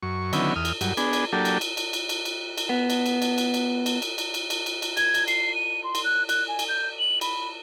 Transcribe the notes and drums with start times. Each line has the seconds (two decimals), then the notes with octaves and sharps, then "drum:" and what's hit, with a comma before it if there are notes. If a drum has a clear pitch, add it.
0.03 F#2 C#6
0.33 D3 D#3 F#3 B3 C#4 E4, drum: cymbal
0.56 E2 D#6 F6
0.65 drum: cymbal
0.81 G2 F#3, drum: cymbal
0.97 B3 D4 G#4, drum: cymbal
1.13 drum: cymbal
1.33 F#3 A#3 D4 G4 A4
1.45 drum: cymbal
1.61 drum: cymbal
1.77 drum: cymbal
1.93 drum: cymbal
2.09 drum: cymbal
2.25 drum: cymbal
2.58 drum: cymbal
2.69 B3
2.90 drum: cymbal
3.06 drum: cymbal
3.22 drum: cymbal
3.38 drum: cymbal
3.54 drum: cymbal
3.86 drum: cymbal
4.02 drum: cymbal
4.18 drum: cymbal
4.34 drum: cymbal
4.50 drum: cymbal
4.66 drum: cymbal
4.82 drum: cymbal
4.97 G#6, drum: cymbal
5.14 drum: cymbal
5.28 C7, drum: cymbal
5.54 D#7
5.84 C6
5.95 drum: cymbal
6.05 F#6
6.29 F#6, drum: cymbal
6.48 G#5
6.59 drum: cymbal
6.68 G6
6.99 F#7
7.21 B5, drum: cymbal